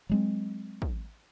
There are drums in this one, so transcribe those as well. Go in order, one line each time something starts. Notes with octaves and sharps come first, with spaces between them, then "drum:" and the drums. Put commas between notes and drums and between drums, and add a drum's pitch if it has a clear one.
F#3 G#3 C4
drum: kick